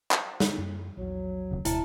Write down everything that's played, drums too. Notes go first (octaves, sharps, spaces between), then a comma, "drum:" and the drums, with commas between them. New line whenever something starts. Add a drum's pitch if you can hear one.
drum: clap
drum: snare
F#2 A#3
A#1 E2 F#3
E1 D#2 C#3
D1 D2 B2 G#3 E4 A5, drum: hi-hat